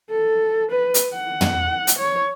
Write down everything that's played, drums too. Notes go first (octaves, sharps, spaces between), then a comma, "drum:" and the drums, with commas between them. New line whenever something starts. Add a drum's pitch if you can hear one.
A4
B4
drum: hi-hat
F#5
drum: tom
drum: hi-hat
C#5